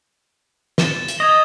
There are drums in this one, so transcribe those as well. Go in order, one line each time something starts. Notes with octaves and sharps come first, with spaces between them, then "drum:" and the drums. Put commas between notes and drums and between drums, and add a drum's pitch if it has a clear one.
A6 E7 G7, drum: snare
drum: hi-hat
D#5 C#6 D#6 G#6